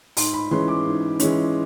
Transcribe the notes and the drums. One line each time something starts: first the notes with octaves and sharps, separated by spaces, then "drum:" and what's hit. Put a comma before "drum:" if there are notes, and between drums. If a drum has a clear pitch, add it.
G#2 C6, drum: open hi-hat
B5
E3 G#3 C#4 C6
D6
G#2
E3 G#3 C#4, drum: hi-hat